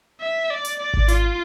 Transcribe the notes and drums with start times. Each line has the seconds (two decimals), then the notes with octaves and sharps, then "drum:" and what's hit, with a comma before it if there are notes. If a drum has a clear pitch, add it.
0.21 E5
0.50 D5
0.65 drum: hi-hat
0.79 D5
0.94 drum: kick G#1
1.08 F4, drum: hi-hat